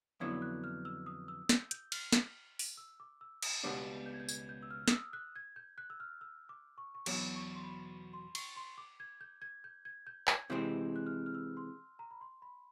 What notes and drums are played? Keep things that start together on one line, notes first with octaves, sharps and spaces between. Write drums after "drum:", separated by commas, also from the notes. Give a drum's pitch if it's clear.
F2 D3 F#3 B3 E4 G#6
F#6
F6
E6
D#6
E6
G6, drum: snare
G6, drum: hi-hat
F6, drum: cymbal
drum: snare
drum: open hi-hat
E6
D6
E6
D#6, drum: cymbal
C#2 B2 G3 B3 D4 D6
G6
G#6
G6
G#6, drum: tambourine
G6
E6
F6
D#6, drum: snare
E6
F#6
G#6
G6
F#6
E6
F6
E6
D6
C#6
C#6
E2 B2 F#3 D6, drum: cymbal
C#6
C6
B5
C6
C#6, drum: cymbal
C6
D6
G#6
G6
G#6
G6
G#6
G6
G#6, drum: clap
C3 E3 G#3 C4 G6
F#6
F6
F6
E6
C6
A#5
B5
C6
B5